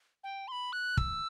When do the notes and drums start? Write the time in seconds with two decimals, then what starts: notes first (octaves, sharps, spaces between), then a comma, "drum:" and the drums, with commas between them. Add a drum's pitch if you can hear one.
0.24 G5
0.48 C6
0.52 B5
0.73 F#6
0.97 E6, drum: kick